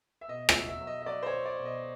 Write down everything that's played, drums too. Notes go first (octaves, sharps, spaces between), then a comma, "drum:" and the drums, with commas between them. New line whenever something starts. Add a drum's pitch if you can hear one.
E5
B2 D#5
E5, drum: rim click
F#3
E5
F#3
D#5
D#5
F#3 D5
C5
C#5
F#3
D5
B2
D#5